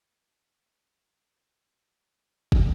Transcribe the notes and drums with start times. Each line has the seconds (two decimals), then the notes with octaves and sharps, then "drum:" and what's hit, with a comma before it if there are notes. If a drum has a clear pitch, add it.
0.13 G3
0.51 A#4 B4
2.52 drum: kick